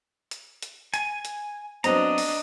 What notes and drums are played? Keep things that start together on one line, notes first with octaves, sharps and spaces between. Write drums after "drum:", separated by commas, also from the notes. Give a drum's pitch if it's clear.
drum: hi-hat
drum: hi-hat
G#5, drum: hi-hat
drum: hi-hat
F#3 B3 C4 D4 D#5 A#5, drum: hi-hat
drum: open hi-hat